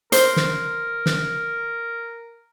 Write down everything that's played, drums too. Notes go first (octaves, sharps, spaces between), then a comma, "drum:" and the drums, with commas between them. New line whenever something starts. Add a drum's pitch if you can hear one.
A#4 C5, drum: hi-hat
drum: snare
drum: snare